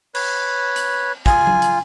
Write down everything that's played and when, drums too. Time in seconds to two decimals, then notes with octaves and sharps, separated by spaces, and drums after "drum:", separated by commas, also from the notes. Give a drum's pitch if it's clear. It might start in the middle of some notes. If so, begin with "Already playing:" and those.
0.15 B4 C#5, drum: cymbal
0.76 drum: hi-hat
1.26 F4 G#5, drum: kick
1.47 drum: tom F#3
1.62 drum: hi-hat